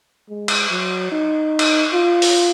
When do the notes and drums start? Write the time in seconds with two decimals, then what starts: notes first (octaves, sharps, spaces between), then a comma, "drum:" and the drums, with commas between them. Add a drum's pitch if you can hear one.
0.29 G#3
0.48 drum: cymbal
0.71 F#3
1.12 D#4
1.59 drum: cymbal
1.93 F4
2.22 drum: open hi-hat